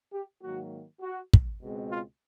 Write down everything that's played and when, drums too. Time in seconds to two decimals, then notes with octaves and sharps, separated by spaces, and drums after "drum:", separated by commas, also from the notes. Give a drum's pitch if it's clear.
0.13 G4
0.42 G#2 D#3 F#3 A#3 F#4
1.01 F#4
1.33 drum: kick
1.61 C#2 B2 G#3 C4
1.90 F4